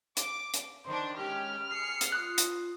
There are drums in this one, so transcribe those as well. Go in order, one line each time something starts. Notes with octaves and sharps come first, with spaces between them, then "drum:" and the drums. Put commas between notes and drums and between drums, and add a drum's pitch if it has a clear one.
D6, drum: hi-hat
drum: hi-hat
D#3 D4 C5
G#3 C#4 G4 F6
G#4 C7 C#7
drum: hi-hat
F4 D#6 F#6
drum: hi-hat